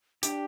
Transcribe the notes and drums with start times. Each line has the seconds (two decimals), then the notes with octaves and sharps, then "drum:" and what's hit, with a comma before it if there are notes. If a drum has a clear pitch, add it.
0.23 D4 G4, drum: hi-hat